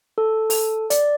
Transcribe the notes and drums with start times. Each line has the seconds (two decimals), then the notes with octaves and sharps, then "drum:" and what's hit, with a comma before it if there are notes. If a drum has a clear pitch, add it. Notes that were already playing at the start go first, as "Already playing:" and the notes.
0.18 A4
0.50 A4, drum: open hi-hat
0.90 D5, drum: hi-hat